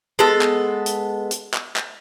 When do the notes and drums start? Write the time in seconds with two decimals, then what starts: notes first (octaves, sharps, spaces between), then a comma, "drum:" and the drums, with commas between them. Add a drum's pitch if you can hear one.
0.19 G#3 B3 A4 A5
0.41 drum: clap
0.86 drum: hi-hat
1.31 drum: hi-hat
1.54 drum: clap
1.76 drum: clap